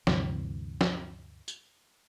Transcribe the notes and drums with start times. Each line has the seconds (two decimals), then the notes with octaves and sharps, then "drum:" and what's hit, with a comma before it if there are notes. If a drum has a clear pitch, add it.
0.07 D2 G2 C3 E3, drum: snare
0.81 drum: snare
1.48 drum: tambourine